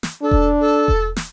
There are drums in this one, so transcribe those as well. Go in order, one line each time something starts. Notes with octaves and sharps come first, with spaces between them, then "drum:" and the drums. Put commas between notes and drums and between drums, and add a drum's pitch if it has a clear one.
drum: snare
D4 A4
drum: kick E1
A4
drum: kick E1
drum: snare